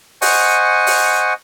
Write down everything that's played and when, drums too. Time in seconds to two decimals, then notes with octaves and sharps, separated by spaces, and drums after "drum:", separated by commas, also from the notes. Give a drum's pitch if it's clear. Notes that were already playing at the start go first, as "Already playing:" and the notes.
0.22 C5 D#5 F#5 G#5 C#6, drum: open hi-hat
0.87 drum: open hi-hat